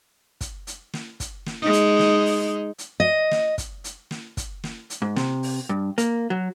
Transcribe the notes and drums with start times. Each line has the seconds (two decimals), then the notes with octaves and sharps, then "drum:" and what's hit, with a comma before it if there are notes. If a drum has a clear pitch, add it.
0.41 drum: kick, hi-hat
0.67 drum: hi-hat
0.93 drum: snare
1.20 drum: kick, hi-hat
1.46 drum: snare
1.61 G#3 D#4
1.73 drum: hi-hat
1.99 drum: snare
2.26 drum: open hi-hat
2.79 drum: hi-hat
3.00 D#5
3.31 drum: snare
3.58 drum: kick, hi-hat
3.84 drum: hi-hat
4.11 drum: snare
4.37 drum: kick, hi-hat
4.64 drum: snare
4.90 drum: hi-hat
5.02 G#2
5.16 C3, drum: snare
5.43 drum: open hi-hat
5.69 G2
5.98 A#3, drum: hi-hat
6.30 F#3